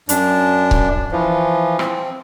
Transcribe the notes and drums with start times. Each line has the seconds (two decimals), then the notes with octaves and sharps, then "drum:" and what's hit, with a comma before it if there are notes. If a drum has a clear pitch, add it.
0.09 F#2 D4, drum: hi-hat
0.71 drum: kick C#1
1.12 E3 F3
1.79 C4, drum: rim click